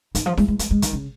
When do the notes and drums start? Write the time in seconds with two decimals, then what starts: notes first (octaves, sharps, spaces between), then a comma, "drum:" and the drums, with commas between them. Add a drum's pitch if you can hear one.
0.15 D#3, drum: hi-hat
0.26 F3
0.37 G#3, drum: snare E4
0.48 G#3
0.59 G#3, drum: hi-hat
0.71 G#3
0.82 D#3, drum: kick, hi-hat
0.93 C#3